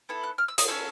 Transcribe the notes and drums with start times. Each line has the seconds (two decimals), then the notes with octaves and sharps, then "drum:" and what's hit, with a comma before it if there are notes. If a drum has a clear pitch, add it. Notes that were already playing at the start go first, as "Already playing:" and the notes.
0.09 B3 E4 A4
0.24 F#6
0.38 F6
0.48 E6
0.58 D#6, drum: hi-hat
0.68 C#4 F#4 A4 E6